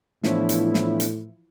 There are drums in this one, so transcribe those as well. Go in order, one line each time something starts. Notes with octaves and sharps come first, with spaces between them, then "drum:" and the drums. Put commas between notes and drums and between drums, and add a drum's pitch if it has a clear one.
A2 E3 F3 B3 D4 E4 C#5, drum: snare
drum: hi-hat
drum: snare
drum: hi-hat